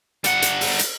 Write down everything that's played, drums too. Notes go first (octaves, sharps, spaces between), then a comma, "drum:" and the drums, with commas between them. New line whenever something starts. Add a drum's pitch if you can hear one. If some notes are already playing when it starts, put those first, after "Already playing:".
G3 F#5, drum: hi-hat
drum: hi-hat
drum: open hi-hat
drum: hi-hat